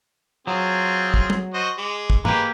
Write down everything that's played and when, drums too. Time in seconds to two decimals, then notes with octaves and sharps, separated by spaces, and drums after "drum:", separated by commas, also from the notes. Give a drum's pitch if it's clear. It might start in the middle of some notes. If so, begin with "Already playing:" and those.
0.47 F#3 C4 F4 G#4
1.14 drum: kick
1.30 drum: tom F#3
1.54 F#4 C5 D#5
1.78 G#3 D6
2.10 drum: kick
2.25 G#3 A#3 G4 A#4 B4, drum: tom G2